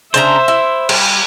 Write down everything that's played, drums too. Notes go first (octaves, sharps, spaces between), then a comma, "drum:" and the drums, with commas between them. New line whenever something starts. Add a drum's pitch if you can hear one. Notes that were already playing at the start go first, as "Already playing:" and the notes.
C#3 D4 C5 E5 A#5, drum: hi-hat
E4
G3, drum: cymbal